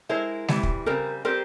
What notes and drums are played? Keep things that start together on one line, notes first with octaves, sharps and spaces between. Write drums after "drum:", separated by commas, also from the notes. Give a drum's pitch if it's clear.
G#3 E4 A#4 C5
C3 E3 G3, drum: snare G#3
drum: kick
C#3 G3 C4 A#4
G3 C4 G4 A#4 C5